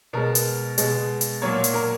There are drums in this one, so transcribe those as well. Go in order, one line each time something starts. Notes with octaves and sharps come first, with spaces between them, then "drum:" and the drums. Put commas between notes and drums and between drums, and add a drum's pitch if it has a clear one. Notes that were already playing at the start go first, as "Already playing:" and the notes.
B2 G#3 A#4
drum: hi-hat
B2 G#3, drum: hi-hat
drum: hi-hat
A#2 F#3 A#3 C#5
drum: hi-hat
A#4